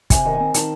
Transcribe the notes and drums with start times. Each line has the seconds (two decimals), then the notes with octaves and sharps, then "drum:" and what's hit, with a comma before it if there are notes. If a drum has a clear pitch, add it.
0.10 C3 G#5, drum: kick, hi-hat
0.25 D#3
0.33 G#5
0.40 C4
0.54 D#3 A5, drum: hi-hat